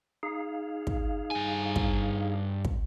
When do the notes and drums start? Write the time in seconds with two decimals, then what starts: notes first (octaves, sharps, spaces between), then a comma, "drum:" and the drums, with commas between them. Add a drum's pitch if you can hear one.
0.23 D#4 G#4 F5
0.87 drum: kick
1.31 G2 G#5
1.76 drum: kick
2.65 drum: kick